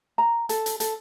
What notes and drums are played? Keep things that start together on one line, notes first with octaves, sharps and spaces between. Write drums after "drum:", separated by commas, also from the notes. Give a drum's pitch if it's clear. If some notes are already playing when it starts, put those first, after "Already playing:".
A#5
A4, drum: hi-hat
drum: hi-hat
A4, drum: hi-hat